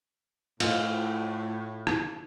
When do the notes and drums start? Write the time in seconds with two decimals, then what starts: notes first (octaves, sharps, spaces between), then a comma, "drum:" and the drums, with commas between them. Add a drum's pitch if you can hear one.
0.60 A2 F4, drum: cymbal
1.87 drum: rim click